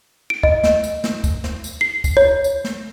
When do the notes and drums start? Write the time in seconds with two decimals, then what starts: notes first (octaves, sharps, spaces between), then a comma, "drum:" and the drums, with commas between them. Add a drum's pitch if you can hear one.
0.30 D7
0.43 D#5, drum: kick
0.64 drum: snare
0.84 drum: tambourine
1.04 drum: snare
1.24 drum: kick, tambourine
1.44 drum: snare
1.64 drum: tambourine
1.81 C7
2.04 drum: kick, tambourine
2.17 C#5
2.44 drum: tambourine
2.64 drum: snare